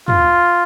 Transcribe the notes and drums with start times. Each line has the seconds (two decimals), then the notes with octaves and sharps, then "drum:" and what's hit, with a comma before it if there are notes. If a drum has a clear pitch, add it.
0.08 F4, drum: tom